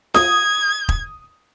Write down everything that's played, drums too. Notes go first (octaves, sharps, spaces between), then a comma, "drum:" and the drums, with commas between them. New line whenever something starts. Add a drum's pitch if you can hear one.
D#6 G#6, drum: snare F4
drum: kick E1